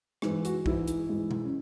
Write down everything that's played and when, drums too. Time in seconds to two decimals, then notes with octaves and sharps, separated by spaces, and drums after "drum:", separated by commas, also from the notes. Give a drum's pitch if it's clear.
0.22 G#2 E3 G#3 E4, drum: rim click
0.45 F#4, drum: hi-hat
0.66 G#2 E3 G#3 E4, drum: kick
0.88 drum: hi-hat
1.09 G#2 E3 G#3
1.31 drum: tom B2
1.45 C#4